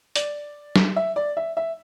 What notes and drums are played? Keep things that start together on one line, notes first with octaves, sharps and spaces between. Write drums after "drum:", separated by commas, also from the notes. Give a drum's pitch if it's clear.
D5, drum: hi-hat
drum: snare G3
E5
D5
E5
E5